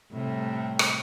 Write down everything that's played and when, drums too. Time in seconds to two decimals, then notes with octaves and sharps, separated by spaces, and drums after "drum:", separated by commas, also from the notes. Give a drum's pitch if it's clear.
0.12 A2 C3 G3
0.79 drum: rim click